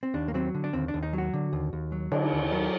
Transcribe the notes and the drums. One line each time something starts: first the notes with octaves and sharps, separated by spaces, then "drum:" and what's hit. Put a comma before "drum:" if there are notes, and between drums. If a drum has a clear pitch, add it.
C4
D#2 D4
A#3
F#3 C4
D3
D4
D#2 C4
D4
D#2
D#4
F#3
F#4
D3
D#2
D#2
F#3
D3, drum: cymbal
D#2
F#3 A#4